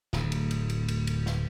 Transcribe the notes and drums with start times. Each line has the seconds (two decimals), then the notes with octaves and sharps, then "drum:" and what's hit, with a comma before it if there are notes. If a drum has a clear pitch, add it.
0.13 D1 D2, drum: snare
0.32 drum: cymbal
0.51 drum: cymbal
0.70 drum: cymbal
0.88 drum: cymbal
1.07 drum: cymbal
1.26 drum: snare